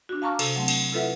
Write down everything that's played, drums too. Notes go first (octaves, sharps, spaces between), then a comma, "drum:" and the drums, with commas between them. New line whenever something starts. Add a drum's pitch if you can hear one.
D4 F#4
F5 A5 A#5 C#6 D6 F6
C3 A4, drum: cymbal
F#3 A3 C4
drum: cymbal
E4 F4 A4 B4 E5 F#5